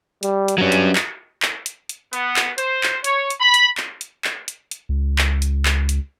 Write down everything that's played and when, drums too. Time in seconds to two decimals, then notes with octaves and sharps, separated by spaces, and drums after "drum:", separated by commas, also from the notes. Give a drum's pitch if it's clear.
0.23 G3, drum: hi-hat
0.48 drum: hi-hat
0.58 G2 F#3 C#4
0.72 drum: hi-hat
0.95 drum: clap
1.42 drum: clap
1.66 drum: hi-hat
1.89 drum: hi-hat
2.13 B3, drum: hi-hat
2.36 drum: clap
2.58 C5, drum: hi-hat
2.83 drum: clap
3.04 C#5, drum: hi-hat
3.30 drum: hi-hat
3.40 B5
3.54 drum: hi-hat
3.77 drum: clap
4.01 drum: hi-hat
4.24 drum: clap
4.48 drum: hi-hat
4.71 drum: hi-hat
4.89 C#2
5.18 drum: clap
5.42 drum: hi-hat
5.65 drum: clap
5.89 drum: hi-hat